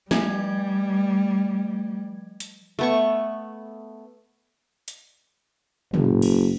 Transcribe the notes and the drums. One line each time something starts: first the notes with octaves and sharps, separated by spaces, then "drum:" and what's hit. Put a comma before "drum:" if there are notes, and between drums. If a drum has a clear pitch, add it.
F3 G3 A3 G#6, drum: snare
drum: hi-hat
A3 B3 C#6
drum: hi-hat
F#1, drum: tom
drum: cymbal